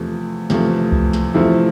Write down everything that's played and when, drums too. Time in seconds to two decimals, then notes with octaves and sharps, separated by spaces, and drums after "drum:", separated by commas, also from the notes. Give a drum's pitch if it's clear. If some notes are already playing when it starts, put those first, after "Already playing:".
Already playing: E2 C3 F3 A3
0.50 E2 C3 F3 A3, drum: snare
0.92 drum: kick C2
1.13 drum: snare
1.34 E2 C3 F3 A3 E4